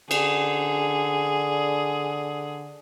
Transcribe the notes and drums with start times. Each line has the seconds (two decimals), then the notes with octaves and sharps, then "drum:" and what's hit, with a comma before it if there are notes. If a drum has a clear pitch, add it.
0.11 D3 G#4, drum: cymbal